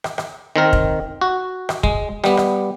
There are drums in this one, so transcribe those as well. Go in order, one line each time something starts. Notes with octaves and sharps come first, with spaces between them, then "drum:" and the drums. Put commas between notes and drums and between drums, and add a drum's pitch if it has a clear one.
drum: rim click
drum: rim click
D#3 C4 A#4
drum: kick
F#4
drum: rim click
G#3, drum: kick
G3 B3, drum: rim click
drum: rim click